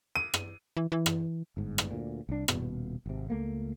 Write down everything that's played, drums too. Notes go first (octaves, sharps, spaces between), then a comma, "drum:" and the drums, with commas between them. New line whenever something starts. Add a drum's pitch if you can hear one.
D#7
drum: rim click
E3
E3
drum: rim click
G1 G#2
drum: rim click
D2 A#2
C2 D4
D#1 B2, drum: rim click
G#1 C3
C#2 A3 A#3